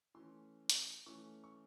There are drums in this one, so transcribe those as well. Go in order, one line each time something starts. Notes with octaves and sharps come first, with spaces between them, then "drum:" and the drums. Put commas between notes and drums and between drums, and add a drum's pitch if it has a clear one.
E3 A3 C#4 C6
drum: hi-hat
E3 A3 C#4 C#6
C#6